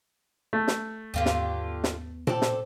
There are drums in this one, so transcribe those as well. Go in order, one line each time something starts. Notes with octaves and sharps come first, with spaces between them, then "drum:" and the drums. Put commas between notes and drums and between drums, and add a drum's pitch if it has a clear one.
A3
drum: snare
D#2 G#2 D3 B3 F4 G4
drum: snare
drum: snare
C4 A4 D5, drum: tom A#2
drum: snare